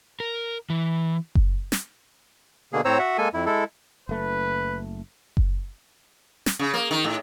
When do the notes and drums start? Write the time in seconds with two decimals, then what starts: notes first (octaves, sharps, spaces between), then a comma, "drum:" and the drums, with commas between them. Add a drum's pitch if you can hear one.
0.20 A#4
0.70 E3
1.35 drum: kick F#1
1.72 drum: snare
2.73 B2 D3 A#3 G#4
2.85 A2 C4 C5 C#5 A#5 E6
2.99 F#4 E5 F#5
3.18 G#3 A#3 A4 G#5
3.34 F2 E4
3.46 G#3 E4 A4
4.09 F#1 A3 B4
5.37 drum: kick F#1
6.46 drum: snare
6.59 C#3
6.74 A#3
6.91 D#3
7.04 A2